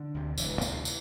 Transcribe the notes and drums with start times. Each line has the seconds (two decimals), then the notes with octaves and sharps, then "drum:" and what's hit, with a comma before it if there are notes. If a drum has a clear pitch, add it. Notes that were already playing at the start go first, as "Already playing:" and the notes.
Already playing: D3
0.14 D2 C3
0.38 E1 E3, drum: tambourine
0.62 D2 C3, drum: tambourine
0.85 drum: tambourine